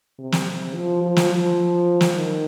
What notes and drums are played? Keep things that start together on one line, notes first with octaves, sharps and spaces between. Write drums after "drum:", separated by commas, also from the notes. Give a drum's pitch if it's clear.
C3
drum: snare
C3
F3
F3
drum: snare
F3
drum: snare
D#3